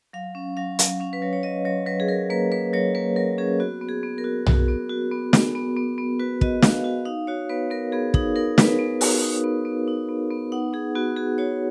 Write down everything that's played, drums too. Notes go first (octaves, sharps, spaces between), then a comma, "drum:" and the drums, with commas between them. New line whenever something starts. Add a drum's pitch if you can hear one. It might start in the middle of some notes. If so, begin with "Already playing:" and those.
F#3 F5
C#4
F#3 F5
F#3, drum: hi-hat
C#4 F5
B4
F#3 C#5
C#5
F#3 D#5
F#3 C#5
F#3 B4
G#4
F#3 A#4
A#3 B4
A#3 B4
F#3 C#5
A#3 B4
F#3 A#4
C#4 G#4
B3 F#4
B3
G#4
B3
A#4
F#4
F#4, drum: tom B1
B3
F#4
B3
B3, drum: snare
B3
B3
B3
F#4 B4
F#4 D#5, drum: kick
F#4 F5, drum: snare
F#4
D#4 F5
F#4 C#5
B3 B4
B3 A#4
B3 G#4
D#4 G#4, drum: kick
D#4 A#4
B3 B4, drum: snare
B3
F#4, drum: open hi-hat
D#4
B3
B3
D#4
B3
B3
D#4 F#5
D#4 G#4
B3 F#4
F#4 G#4
F#4 C#5